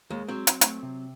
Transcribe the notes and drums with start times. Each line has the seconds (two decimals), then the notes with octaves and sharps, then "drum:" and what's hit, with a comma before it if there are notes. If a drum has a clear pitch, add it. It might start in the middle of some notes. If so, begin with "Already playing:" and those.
0.11 D#2 G#3
0.29 F#3 C4
0.47 drum: hi-hat
0.61 A3, drum: hi-hat
0.83 C3